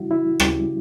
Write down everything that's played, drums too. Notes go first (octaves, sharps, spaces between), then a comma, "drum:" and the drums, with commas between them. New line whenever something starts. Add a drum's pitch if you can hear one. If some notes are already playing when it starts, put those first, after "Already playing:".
Already playing: C#3 G3 E4 F#4
E4
C#3 G3, drum: rim click